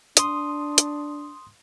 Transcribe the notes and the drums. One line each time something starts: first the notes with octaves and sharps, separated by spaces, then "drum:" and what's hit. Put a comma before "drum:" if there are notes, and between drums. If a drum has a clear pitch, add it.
D4 C6 D#6, drum: hi-hat
drum: hi-hat